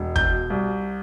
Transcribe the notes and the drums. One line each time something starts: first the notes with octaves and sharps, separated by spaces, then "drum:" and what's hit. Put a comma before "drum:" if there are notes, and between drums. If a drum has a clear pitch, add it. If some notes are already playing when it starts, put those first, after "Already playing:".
Already playing: E1
B2 G6, drum: kick
C2